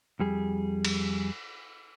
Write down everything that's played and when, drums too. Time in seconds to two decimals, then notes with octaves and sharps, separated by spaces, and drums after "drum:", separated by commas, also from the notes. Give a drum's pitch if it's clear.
0.19 F2 G3 G#4
0.85 drum: cymbal